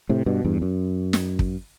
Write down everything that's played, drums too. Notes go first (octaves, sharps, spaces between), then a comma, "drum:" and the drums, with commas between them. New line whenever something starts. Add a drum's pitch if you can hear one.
A2 C3
G2 B2
E2 G2
F#2
drum: snare
drum: kick